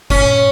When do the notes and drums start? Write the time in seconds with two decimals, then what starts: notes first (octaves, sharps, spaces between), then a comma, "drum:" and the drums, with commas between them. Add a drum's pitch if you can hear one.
0.10 C#4, drum: kick